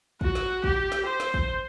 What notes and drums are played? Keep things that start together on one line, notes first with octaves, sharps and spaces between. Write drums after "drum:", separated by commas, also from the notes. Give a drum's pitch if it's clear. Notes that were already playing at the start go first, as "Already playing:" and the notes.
F#4, drum: kick
drum: snare
G4, drum: kick
drum: snare
C5
drum: snare
drum: kick